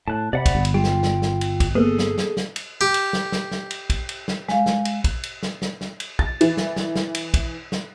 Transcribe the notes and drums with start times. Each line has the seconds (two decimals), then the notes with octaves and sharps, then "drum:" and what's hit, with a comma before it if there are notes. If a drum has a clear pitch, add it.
0.08 A2 A5 F#6
0.33 C3 D5 F#5 B5
0.46 drum: kick, cymbal
0.55 G1
0.65 drum: cymbal
0.74 G3 F4 G5
0.84 drum: snare
1.03 drum: snare
1.22 drum: snare
1.41 drum: cymbal
1.60 drum: kick, cymbal
1.75 A#3 B3 G#4 A4
1.99 drum: snare
2.18 drum: snare
2.37 drum: snare
2.56 drum: cymbal
2.81 G4
2.94 drum: cymbal
3.13 drum: snare
3.32 drum: snare
3.51 drum: snare
3.71 drum: cymbal
3.90 drum: kick, cymbal
4.09 drum: cymbal
4.28 drum: snare
4.49 G#3 F5, drum: snare
4.66 drum: snare
4.85 drum: cymbal
5.04 drum: kick, cymbal
5.23 drum: cymbal
5.43 drum: snare
5.62 drum: snare
5.81 drum: snare
6.00 drum: cymbal
6.19 A6, drum: kick
6.41 E3, drum: cymbal
6.57 drum: snare
6.76 drum: snare
6.96 drum: snare
7.15 drum: cymbal
7.34 drum: kick, cymbal
7.72 drum: snare